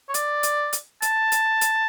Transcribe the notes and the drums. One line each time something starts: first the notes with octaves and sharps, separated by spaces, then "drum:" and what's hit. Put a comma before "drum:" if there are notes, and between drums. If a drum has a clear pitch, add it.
C#5
D5, drum: hi-hat
drum: hi-hat
drum: hi-hat
A5, drum: hi-hat
drum: hi-hat
drum: hi-hat